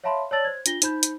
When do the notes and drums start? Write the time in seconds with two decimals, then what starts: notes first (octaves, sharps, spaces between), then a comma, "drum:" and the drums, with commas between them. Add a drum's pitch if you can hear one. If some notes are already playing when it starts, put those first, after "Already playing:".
0.04 C#5 E5 F5 A5 B5 C6
0.31 C#5 D5 A5 E6 A6 F#7
0.45 C5 G#6
0.66 D4 F4 A#6 G7, drum: hi-hat
0.82 D#4 C5 B5 G6, drum: hi-hat
1.03 drum: hi-hat